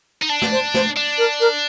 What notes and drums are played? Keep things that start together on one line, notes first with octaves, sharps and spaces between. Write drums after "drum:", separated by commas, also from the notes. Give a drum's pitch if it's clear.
D#4
D4 A5
drum: snare
C5
C5, drum: snare
D4
A#4
A#4